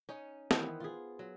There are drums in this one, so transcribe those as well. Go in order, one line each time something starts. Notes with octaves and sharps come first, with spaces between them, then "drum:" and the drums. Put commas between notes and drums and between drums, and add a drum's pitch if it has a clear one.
C#4 D#4 C#5
D#3 E3 B3 C5, drum: snare
F4 G#4
F#3